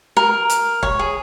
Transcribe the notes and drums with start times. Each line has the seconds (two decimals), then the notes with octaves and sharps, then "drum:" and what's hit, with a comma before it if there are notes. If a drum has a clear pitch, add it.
0.17 A#4
0.50 drum: hi-hat
0.83 C#5, drum: kick
0.99 G#4